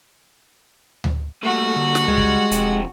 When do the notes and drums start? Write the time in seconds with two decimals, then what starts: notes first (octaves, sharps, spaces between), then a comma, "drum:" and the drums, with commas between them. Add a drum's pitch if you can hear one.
1.04 drum: tom D2
1.43 G3 A3 A#3 F#4 F#5
1.76 D3
1.95 drum: snare
2.08 C#2 G3 G#3
2.18 drum: kick
2.51 E1 F2 G4, drum: hi-hat